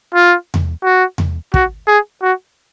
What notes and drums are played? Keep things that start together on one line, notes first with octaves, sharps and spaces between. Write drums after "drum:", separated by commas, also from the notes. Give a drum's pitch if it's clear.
F4
drum: tom E2
F#4
drum: tom E2
F#4, drum: kick
G#4
F#4